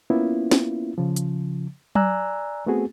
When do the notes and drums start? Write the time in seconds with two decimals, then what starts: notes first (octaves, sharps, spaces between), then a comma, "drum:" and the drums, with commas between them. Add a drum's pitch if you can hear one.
0.10 A#3 B3 C#4 E4 F4
0.51 drum: snare
0.98 C#3 F3
1.16 drum: hi-hat
1.95 D5 G#5 A#5 E6 F#6, drum: tom F#3
2.66 A3 B3 C4 F#4 G#4